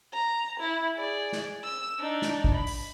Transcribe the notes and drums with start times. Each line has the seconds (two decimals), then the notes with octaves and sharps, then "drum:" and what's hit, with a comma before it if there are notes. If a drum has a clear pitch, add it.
0.13 A#5
0.60 E4
0.97 G#4 D5
1.33 drum: snare
1.64 E6
2.00 D4 D#4
2.22 drum: snare
2.44 drum: kick G#1
2.54 B5
2.67 drum: open hi-hat